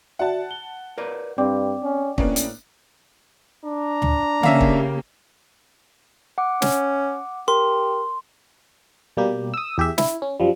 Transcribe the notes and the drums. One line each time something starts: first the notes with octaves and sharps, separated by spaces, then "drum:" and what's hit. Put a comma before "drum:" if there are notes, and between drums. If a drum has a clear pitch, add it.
F#4 D5 E5 F#5 A5
G7
A#4 B4 D5
G2 C4 D5 G5 D6
C#4
A2 A#3 B3 C#4 D4, drum: kick
drum: hi-hat
D4 A#5
drum: tom
C#3 A#3 C#4 G4 E5 F5, drum: tom C#3
drum: kick
F#5 D6
C#4, drum: snare
G4 A#4 C6
B2 G3 A#3 G4
D#6 E6
E2 G4 G#4 E5
E4, drum: snare
C#4
F#2 F3 G3